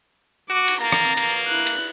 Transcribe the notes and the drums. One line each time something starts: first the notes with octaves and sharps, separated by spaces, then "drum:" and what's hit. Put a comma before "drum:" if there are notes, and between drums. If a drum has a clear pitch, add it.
F#4 D6
drum: cymbal
A#3 A#5 A6
drum: rim click
A#3, drum: cymbal
E4 F#6
drum: cymbal